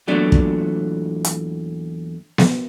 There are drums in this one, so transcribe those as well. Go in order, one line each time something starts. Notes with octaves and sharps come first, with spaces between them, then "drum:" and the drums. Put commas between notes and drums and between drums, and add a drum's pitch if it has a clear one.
E2 A#2 F#3 A3 D4
drum: kick
drum: hi-hat
drum: snare B3